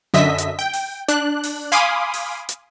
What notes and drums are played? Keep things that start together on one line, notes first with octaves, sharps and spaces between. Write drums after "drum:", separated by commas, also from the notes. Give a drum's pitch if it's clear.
F#2 D3 D#5 E5 B6
drum: hi-hat
G5
drum: open hi-hat
D4 F#6, drum: hi-hat
drum: open hi-hat
F5 G#5 B5 C6 D6 D#6
drum: open hi-hat
drum: hi-hat